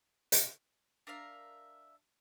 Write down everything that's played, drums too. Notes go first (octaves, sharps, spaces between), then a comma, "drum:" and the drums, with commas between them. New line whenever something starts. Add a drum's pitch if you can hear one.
drum: hi-hat
D4 A#4 E5 F5